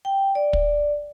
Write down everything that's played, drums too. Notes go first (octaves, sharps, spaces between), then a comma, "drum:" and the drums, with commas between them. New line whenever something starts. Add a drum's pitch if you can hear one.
G5
D5
drum: kick